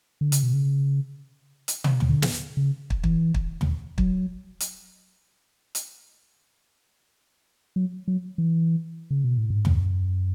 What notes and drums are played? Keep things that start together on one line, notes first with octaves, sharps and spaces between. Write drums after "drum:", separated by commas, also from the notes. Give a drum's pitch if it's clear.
D3
C#3, drum: hi-hat
B2
C#3
drum: hi-hat
drum: tom
drum: tom
D3
drum: snare
C#3
drum: kick
E3, drum: kick
drum: kick
drum: tom
F#3, drum: kick
drum: hi-hat
drum: hi-hat
F#3
F#3
E3
C#3
B2
A2
G#2
F#2, drum: tom